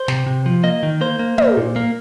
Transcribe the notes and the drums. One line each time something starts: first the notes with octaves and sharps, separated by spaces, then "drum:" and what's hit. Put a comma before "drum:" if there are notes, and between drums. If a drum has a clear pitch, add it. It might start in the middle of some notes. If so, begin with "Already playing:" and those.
Already playing: C5
C3, drum: snare
C3
F3
A#3 D#5
D#3
A#3 C5
A#3
A#3, drum: tom
A#2
A#3